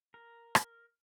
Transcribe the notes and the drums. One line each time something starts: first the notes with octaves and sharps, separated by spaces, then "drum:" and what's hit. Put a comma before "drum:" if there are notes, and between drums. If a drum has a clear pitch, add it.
A#4
drum: rim click